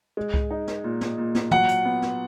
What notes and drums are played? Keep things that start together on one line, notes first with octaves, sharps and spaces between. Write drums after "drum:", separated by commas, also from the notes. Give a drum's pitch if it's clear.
G#3
drum: kick C2
D#4
drum: snare
A#2
drum: snare
A#2
drum: snare
F#3 F#5, drum: tom
drum: hi-hat
B3
drum: snare